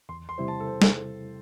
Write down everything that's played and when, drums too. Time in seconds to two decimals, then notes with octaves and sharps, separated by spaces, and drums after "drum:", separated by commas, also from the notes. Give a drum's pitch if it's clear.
0.09 E2 C6
0.29 C6
0.38 C3 G3 E4 C5
0.48 A5
0.60 A4
0.67 C5
0.82 drum: snare